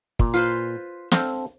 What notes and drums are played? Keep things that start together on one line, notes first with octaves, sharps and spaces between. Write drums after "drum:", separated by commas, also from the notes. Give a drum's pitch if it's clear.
A#2, drum: kick
F4 B4 C5
C4 A4 F5, drum: snare